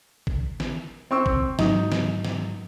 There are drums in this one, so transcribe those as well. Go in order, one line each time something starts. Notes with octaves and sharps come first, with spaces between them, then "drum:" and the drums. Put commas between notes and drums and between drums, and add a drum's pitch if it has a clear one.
drum: kick
drum: snare
C4 C#6 E6
drum: kick
G#2 F#3 D#4, drum: snare
drum: snare
drum: snare